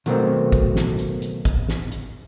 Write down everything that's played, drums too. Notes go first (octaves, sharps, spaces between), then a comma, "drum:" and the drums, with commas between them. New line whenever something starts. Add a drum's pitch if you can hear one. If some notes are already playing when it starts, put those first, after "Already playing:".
B2 D#3 F#3 A3 A#3 C4, drum: hi-hat
drum: kick, hi-hat
drum: snare
drum: hi-hat
drum: hi-hat
drum: kick, hi-hat
drum: snare
drum: hi-hat